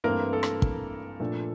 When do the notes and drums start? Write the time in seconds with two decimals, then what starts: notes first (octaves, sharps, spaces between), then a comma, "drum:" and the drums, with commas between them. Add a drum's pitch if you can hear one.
0.04 G2 E3 A3 A#3 C4 A#4
0.33 A4
0.43 drum: rim click
0.62 drum: kick
1.20 A#2 F3 A3 D4